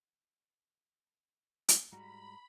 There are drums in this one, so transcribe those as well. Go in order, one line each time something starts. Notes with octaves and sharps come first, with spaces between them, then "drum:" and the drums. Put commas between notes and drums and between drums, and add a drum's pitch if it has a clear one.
drum: hi-hat
G#2 G3 F#4 A#5 B5